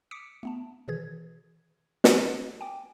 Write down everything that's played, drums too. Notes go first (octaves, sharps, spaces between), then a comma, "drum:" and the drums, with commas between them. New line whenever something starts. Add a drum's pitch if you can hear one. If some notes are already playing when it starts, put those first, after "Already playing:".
D6 D#6 B6 C#7 D7
A3 B3 A5
B2 D#3 E3 G#4 G#6
drum: snare
G5 G#5 D6